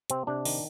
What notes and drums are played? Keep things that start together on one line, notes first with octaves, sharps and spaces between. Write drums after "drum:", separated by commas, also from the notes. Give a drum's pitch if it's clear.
C3 C4, drum: hi-hat
C3 D4
D#3, drum: open hi-hat